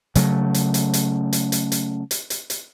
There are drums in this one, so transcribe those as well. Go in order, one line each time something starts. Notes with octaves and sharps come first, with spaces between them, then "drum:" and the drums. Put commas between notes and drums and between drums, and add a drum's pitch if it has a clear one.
C#3 F#3 A3, drum: hi-hat
drum: hi-hat
drum: hi-hat
drum: hi-hat
drum: hi-hat
drum: hi-hat
drum: hi-hat
drum: hi-hat
drum: hi-hat
drum: hi-hat